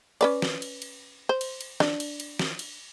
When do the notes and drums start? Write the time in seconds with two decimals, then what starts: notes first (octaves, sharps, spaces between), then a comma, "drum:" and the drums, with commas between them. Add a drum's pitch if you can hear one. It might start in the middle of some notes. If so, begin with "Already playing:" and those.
0.21 C#4 B4 D5, drum: cymbal
0.42 drum: snare
0.62 drum: cymbal
0.82 drum: cymbal
1.29 C5
1.41 drum: cymbal
1.61 drum: cymbal
1.80 D4, drum: snare
2.00 drum: cymbal
2.20 drum: cymbal
2.39 drum: snare
2.59 drum: cymbal